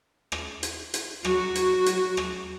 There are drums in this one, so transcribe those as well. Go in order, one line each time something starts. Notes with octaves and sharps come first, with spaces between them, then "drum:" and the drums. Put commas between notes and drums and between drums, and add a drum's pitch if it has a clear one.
drum: rim click
drum: hi-hat
drum: hi-hat
F#3 F#4, drum: rim click
drum: hi-hat
drum: hi-hat
drum: rim click